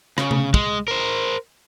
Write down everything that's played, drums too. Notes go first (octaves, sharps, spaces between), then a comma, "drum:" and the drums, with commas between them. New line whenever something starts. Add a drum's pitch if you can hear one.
C#3, drum: rim click
drum: tom C3
G#3, drum: kick
A#4 C5